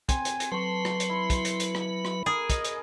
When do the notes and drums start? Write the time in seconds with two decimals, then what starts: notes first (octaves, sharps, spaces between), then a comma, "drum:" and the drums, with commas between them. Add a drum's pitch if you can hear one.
0.09 C4 G#5, drum: kick, hi-hat
0.25 drum: hi-hat
0.40 drum: hi-hat
0.52 F#3 B4 A5 C6 C#6
0.85 drum: rim click
1.00 drum: hi-hat
1.10 E4
1.30 drum: kick, hi-hat
1.45 drum: hi-hat
1.60 drum: hi-hat
1.75 drum: rim click
2.05 drum: rim click
2.26 G#4 A#4
2.50 D#5, drum: kick, hi-hat
2.65 drum: hi-hat